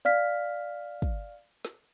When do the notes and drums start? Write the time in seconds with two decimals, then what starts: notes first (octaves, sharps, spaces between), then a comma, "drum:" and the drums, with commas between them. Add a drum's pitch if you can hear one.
0.05 D5 F5 F6 B6
1.02 drum: kick
1.65 drum: snare